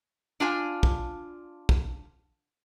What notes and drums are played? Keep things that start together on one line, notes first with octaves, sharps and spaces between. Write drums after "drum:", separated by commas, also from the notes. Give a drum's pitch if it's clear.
D4 F4 G#5
drum: kick
drum: kick